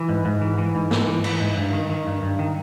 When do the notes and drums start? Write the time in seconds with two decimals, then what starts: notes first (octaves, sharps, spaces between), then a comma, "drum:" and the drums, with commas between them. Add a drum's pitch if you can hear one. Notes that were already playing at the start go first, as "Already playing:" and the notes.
Already playing: E3
0.09 G#2
0.25 G#2
0.41 E3
0.58 E3
0.75 G#2
0.91 G#2, drum: snare
1.07 E3
1.24 E3, drum: cymbal
1.40 G#2
1.57 G2
1.73 D#3
1.90 D#3
2.07 G2
2.23 G2
2.39 D#3